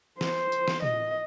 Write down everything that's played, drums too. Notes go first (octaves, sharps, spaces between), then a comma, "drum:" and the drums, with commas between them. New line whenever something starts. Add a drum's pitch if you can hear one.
C5, drum: snare
drum: tambourine
drum: snare
D#5, drum: tom